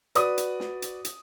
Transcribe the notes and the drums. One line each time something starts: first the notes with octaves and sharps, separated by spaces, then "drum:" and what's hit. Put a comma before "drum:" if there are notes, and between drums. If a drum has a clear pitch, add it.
F#4 B4 D5 D#6, drum: hi-hat
drum: hi-hat
drum: snare
drum: hi-hat
drum: hi-hat